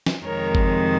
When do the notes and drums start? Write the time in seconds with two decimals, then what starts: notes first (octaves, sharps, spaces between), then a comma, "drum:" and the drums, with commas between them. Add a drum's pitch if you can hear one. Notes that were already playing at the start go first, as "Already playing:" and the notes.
0.06 drum: snare
0.23 F2 C3 D#3 G#3 A#4 C#5
0.55 drum: kick G1